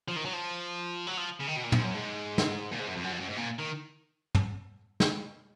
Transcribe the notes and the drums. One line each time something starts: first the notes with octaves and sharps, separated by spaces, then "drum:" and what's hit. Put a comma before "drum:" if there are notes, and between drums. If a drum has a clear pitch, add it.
F3
D#3
F#3
F3
F#3
F3
C#3
D#3
B2
A#2
G#2, drum: tom
F#2
G#2
drum: snare
A#2
G#2
F#2
F2
F#2
F2
F#2
G#2
A#2
D#3
drum: tom
drum: snare